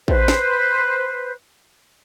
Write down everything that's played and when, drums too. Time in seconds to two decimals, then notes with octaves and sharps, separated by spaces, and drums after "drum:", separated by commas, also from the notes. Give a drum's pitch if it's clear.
0.08 B4 C5, drum: kick A1
0.28 drum: snare